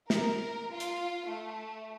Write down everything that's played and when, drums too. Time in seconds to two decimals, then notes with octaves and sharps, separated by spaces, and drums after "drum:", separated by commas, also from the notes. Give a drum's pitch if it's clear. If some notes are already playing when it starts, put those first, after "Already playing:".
0.10 A#4, drum: snare
0.71 F4
0.80 drum: hi-hat
1.28 A3